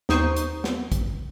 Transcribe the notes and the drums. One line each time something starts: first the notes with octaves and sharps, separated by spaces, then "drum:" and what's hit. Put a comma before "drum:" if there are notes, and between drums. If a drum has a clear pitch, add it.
D#2 D#4 C5 C#6, drum: snare
drum: hi-hat
drum: snare
drum: kick, hi-hat